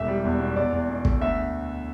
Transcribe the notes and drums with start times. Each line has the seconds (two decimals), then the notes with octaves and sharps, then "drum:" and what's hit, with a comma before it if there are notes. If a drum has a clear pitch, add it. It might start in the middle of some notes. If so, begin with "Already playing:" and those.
Already playing: E1 E5
0.08 G3
0.24 E2
0.40 B2
0.56 E2 D5
0.72 E2
0.89 B2
1.05 A3, drum: kick
1.21 D2 E5